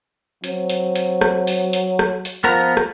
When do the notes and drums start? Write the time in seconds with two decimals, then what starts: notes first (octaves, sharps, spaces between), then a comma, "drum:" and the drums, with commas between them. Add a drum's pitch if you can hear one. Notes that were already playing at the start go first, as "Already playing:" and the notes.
0.44 F#3 C4, drum: hi-hat
0.70 drum: hi-hat
0.95 drum: hi-hat
1.21 drum: rim click
1.47 drum: open hi-hat
1.73 drum: hi-hat
1.99 drum: rim click
2.25 drum: hi-hat
2.44 F3 B3 A#4 A#5
2.77 drum: rim click